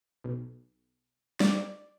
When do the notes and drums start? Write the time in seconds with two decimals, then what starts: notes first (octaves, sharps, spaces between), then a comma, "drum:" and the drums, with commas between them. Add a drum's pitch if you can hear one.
0.24 B1
1.40 D5, drum: snare